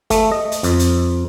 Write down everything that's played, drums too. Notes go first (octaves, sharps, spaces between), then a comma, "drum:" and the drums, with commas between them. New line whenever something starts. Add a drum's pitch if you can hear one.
A3, drum: kick, hi-hat
D#5
drum: hi-hat
F2, drum: hi-hat
drum: hi-hat